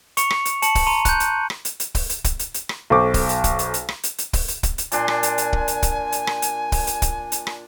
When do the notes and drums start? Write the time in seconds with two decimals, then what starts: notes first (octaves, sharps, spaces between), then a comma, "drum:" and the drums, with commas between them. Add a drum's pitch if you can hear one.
0.17 C#6 C#7 F7, drum: hi-hat
0.30 drum: rim click
0.45 drum: hi-hat
0.62 A5 C#7 F#7, drum: hi-hat
0.75 drum: kick, open hi-hat
0.87 A#5 C6 D#7
1.05 F#6 G6, drum: kick, hi-hat
1.20 drum: hi-hat
1.50 drum: rim click
1.65 drum: hi-hat
1.80 drum: hi-hat
1.95 drum: kick, open hi-hat
2.10 drum: hi-hat
2.24 drum: kick, hi-hat
2.39 drum: hi-hat
2.54 drum: hi-hat
2.69 drum: rim click
2.90 B1 A4 C5 C#6 D6
3.14 drum: kick, open hi-hat
3.29 drum: hi-hat
3.44 drum: kick, hi-hat
3.59 drum: hi-hat
3.74 drum: hi-hat
3.89 drum: rim click
4.03 drum: hi-hat
4.18 drum: hi-hat
4.33 drum: kick, open hi-hat
4.48 drum: hi-hat
4.63 drum: kick, hi-hat
4.78 drum: hi-hat
4.92 A#2 D4 G#5 C6, drum: hi-hat
5.08 drum: rim click
5.23 drum: hi-hat
5.38 drum: hi-hat
5.53 drum: kick
5.68 drum: hi-hat
5.83 drum: kick, hi-hat
6.12 drum: hi-hat
6.27 drum: rim click
6.42 drum: hi-hat
6.72 drum: kick, open hi-hat
6.87 drum: hi-hat
7.02 drum: kick, hi-hat
7.32 drum: hi-hat
7.47 drum: rim click